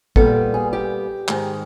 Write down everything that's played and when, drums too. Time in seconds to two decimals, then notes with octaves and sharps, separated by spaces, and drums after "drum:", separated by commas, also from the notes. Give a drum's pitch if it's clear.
0.16 A#2 G3 B3 A4, drum: kick
0.54 G#4
0.73 G4
1.28 G#2 D#3 G#3, drum: clap